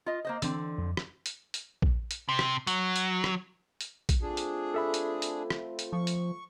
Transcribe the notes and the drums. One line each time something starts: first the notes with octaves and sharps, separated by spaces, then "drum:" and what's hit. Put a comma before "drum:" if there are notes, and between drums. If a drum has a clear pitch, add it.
F4 D#5
A#3 C5 D#5
D3 E3 C4 D4, drum: hi-hat
F2
drum: rim click
drum: hi-hat
drum: hi-hat
drum: kick A#1
drum: hi-hat
C3
drum: rim click
F#3, drum: hi-hat
drum: hi-hat
drum: rim click
drum: hi-hat
drum: kick A#1, hi-hat
A3 C4 D4 F4 G#4
drum: hi-hat
A4 E5 B5
drum: hi-hat
drum: hi-hat
drum: rim click
drum: hi-hat
F3 C#6
drum: hi-hat